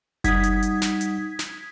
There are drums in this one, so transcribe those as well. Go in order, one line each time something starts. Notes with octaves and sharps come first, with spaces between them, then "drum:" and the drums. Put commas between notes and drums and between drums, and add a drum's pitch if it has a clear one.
G3 D#4 F#5 D#6 G#6 B6, drum: kick F#1, hi-hat
drum: hi-hat
drum: hi-hat
drum: snare
drum: hi-hat
drum: snare